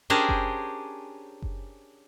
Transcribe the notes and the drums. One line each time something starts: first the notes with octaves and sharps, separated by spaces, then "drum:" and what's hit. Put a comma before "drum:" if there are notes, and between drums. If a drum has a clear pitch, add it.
C#4 D4 G4 G#4 A#4 C5
drum: kick F#1
drum: kick F#1